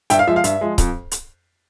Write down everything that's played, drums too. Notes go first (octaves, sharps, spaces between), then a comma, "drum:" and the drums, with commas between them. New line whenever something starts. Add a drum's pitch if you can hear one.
G2 E5 G5, drum: hi-hat
F5
F3 G#3 E5
F5
G2 E5, drum: hi-hat
F3 G#3
F2, drum: kick C#1, hi-hat
drum: hi-hat